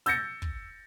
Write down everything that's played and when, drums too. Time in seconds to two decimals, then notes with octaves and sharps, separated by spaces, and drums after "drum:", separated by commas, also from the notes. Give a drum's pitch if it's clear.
0.06 E6 G6 A6 A#6 C#7, drum: snare
0.42 drum: kick